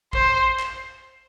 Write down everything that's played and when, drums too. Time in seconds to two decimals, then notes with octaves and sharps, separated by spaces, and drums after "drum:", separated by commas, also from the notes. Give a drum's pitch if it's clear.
0.13 C5, drum: kick A#1
0.59 drum: clap